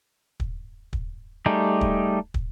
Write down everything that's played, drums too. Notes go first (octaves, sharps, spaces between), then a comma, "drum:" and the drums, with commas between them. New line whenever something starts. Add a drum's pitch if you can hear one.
drum: kick
drum: kick
G3 A3 D#4 G4 G#4
drum: kick
drum: kick